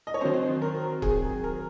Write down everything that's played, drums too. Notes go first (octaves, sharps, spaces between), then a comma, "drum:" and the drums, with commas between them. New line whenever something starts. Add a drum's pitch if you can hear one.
D#5
C#5
D#3 F#3 C4 C5
A#4
G#4, drum: kick
A#4